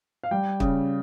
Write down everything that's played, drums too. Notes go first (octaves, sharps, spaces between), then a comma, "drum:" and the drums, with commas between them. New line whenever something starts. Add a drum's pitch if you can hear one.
F5
G3 G5
C#3, drum: kick